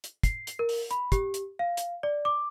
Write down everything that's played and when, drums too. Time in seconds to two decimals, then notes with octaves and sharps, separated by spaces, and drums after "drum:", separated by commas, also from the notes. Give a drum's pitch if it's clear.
0.04 drum: hi-hat
0.23 C7, drum: kick, hi-hat
0.47 drum: hi-hat
0.59 A#4
0.69 drum: open hi-hat
0.91 B5, drum: hi-hat
1.12 G4, drum: kick, hi-hat
1.34 drum: hi-hat
1.59 F5
1.77 drum: hi-hat
2.03 D5
2.25 D6